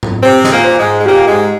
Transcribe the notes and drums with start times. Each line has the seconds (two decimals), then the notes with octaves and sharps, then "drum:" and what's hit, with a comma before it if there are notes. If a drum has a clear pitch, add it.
0.03 drum: tom A2
0.23 C3 C4 C5
0.44 G#3, drum: snare
0.51 A#2 A#3
0.64 C5
0.78 G#2 G#3
1.00 G#3
1.06 A#2 A#3 G4
1.27 G#2 G#3